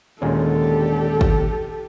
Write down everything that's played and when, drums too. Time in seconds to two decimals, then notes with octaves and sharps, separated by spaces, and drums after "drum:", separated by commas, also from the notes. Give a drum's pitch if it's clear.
0.22 D#2 A#2 D3 G#3 C#4 G4 A4
1.21 drum: kick